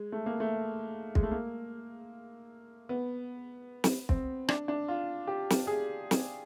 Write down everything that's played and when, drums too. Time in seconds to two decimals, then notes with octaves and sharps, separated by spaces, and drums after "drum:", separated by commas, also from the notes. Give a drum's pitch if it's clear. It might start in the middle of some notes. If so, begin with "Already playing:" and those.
Already playing: G#3
0.12 A3
0.26 A#3
0.40 A3
1.15 G#3, drum: kick
1.23 A3
1.31 A#3
2.89 B3
3.84 drum: snare
4.09 C4, drum: kick
4.48 D4, drum: rim click
4.68 D4
4.88 F4
5.27 G4
5.50 drum: snare
5.67 G#4
6.11 drum: snare